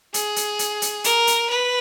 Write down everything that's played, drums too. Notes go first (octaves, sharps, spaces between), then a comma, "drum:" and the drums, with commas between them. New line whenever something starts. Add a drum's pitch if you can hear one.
G#4, drum: hi-hat
drum: hi-hat
drum: hi-hat
drum: hi-hat
A#4, drum: hi-hat
drum: hi-hat
B4